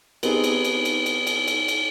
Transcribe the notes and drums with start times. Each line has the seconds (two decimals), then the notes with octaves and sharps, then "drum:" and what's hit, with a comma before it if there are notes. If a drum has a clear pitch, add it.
0.23 B3 C4 D#4 G4 G#4, drum: cymbal
0.44 drum: cymbal
0.64 drum: cymbal
0.85 drum: cymbal
1.06 drum: cymbal
1.27 drum: cymbal
1.48 drum: cymbal
1.68 drum: cymbal